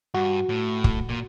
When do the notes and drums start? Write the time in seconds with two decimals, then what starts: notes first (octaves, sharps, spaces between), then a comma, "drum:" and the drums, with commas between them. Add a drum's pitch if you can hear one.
0.14 G2 F#4
0.49 A2
0.84 drum: kick
1.09 A#2